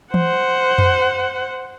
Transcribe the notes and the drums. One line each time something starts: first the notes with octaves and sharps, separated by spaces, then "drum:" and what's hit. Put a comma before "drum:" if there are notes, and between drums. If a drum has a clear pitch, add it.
C5 F#5, drum: tom E3
drum: tom F2